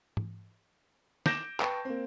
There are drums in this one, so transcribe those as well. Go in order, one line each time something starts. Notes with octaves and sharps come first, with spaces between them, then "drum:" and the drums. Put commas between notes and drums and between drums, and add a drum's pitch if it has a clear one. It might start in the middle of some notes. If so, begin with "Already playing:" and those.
drum: tom G#2
D6 G6 A#6 D7 E7, drum: snare
B4 G5 A5 C#6, drum: clap
A#3 C4